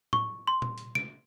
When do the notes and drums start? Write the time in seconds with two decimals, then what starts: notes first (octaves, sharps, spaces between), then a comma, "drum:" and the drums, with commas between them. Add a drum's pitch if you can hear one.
0.13 C#6, drum: tom A2
0.47 C6
0.62 drum: tom
0.78 drum: hi-hat
0.95 D7, drum: snare